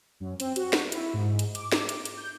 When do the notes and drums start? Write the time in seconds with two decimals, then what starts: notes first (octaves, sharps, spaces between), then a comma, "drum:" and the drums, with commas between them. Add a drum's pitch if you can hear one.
0.20 F#2
0.40 C4, drum: hi-hat
0.56 F#4, drum: hi-hat
0.73 drum: snare
0.92 E4, drum: hi-hat
1.14 G#2
1.39 drum: hi-hat
1.55 D6, drum: hi-hat
1.72 drum: snare
1.89 drum: hi-hat
2.05 drum: hi-hat
2.17 G6